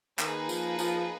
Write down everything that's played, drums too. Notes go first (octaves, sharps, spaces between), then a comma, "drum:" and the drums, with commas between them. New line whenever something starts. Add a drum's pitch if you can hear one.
D#3 A#3 D#4 G#4 B4, drum: clap
F3, drum: tambourine
F3, drum: tambourine